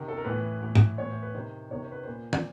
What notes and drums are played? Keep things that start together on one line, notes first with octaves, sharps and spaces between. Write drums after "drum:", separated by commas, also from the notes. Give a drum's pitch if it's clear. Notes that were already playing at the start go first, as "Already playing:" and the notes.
Already playing: C3 D#3
A4
A#4
A2 E3 B4
A2 E3
drum: tom
A2 E3 C#5
C5
B4
C3 D#3 C5
C3 D#3 C#5
C5
B4
A#2 C5
D5, drum: tom